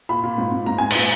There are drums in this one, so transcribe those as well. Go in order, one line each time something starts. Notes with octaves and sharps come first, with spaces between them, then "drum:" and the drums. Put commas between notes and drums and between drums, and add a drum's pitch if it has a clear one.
A#2 B5
A#2
G#2
G#2
G#2 A#5
G#2 G#5
A#2 A#5, drum: cymbal